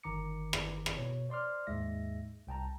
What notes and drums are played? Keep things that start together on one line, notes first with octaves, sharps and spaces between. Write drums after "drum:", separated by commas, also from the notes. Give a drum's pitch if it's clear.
G1 D#3 A#5 D6 C#7
drum: rim click
drum: rim click
B2 C#5
C5 D5 C6 D6 F6
D#2 G#2 G#3 E5 A#6
C2 G5 A5 A#5